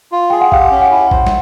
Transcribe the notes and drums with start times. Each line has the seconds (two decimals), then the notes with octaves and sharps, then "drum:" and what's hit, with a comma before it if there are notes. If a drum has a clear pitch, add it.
0.12 F4
0.30 G#4 G5
0.41 F#5
0.52 G4 F5, drum: kick A1
0.71 C#4
0.82 F#5
0.91 E4
1.11 C5, drum: kick A1
1.27 drum: snare